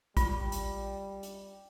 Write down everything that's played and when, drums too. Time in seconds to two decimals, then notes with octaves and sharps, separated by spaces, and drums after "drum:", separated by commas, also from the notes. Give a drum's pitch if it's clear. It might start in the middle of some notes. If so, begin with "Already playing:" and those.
0.17 G3 F4, drum: kick A1, hi-hat
0.52 drum: hi-hat
1.23 drum: hi-hat